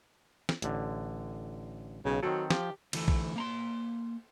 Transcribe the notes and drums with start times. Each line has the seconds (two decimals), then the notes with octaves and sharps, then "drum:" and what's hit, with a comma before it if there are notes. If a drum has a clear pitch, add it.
0.49 drum: snare
0.62 A1 D3, drum: hi-hat
2.05 B1 C#3
2.23 D#3 F#3 C4 A4
2.50 F3 G4, drum: snare
2.93 D2 E3 A3, drum: cymbal
3.08 drum: kick B1
3.36 A#3 A#5 C6